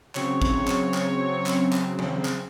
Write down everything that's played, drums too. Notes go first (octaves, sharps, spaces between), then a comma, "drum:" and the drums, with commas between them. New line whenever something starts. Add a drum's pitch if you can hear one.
C#3 F#3 C4 C#5, drum: clap
drum: kick
drum: clap
drum: clap
drum: clap
drum: clap
drum: tom F3
drum: clap